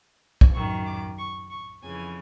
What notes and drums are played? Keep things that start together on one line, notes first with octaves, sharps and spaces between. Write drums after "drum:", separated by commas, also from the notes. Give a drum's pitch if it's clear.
drum: kick
F#2 D#3 C#6
D6
C#6
C#6
F2 C#3 E3 G#5